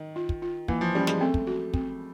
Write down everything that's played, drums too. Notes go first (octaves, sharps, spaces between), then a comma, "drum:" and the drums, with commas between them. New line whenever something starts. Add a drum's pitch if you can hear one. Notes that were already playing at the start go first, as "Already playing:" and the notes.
Already playing: D#3
F4
drum: kick
F4
E3 A#3, drum: kick
F3
G3 C#4
G#3, drum: snare
A3 C4
drum: kick
F#4
C4, drum: kick